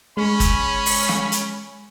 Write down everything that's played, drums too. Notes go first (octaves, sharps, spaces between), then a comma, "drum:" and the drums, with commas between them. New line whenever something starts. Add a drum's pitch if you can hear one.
G#3 C#4 B5
drum: kick, hi-hat
drum: open hi-hat
drum: snare
drum: hi-hat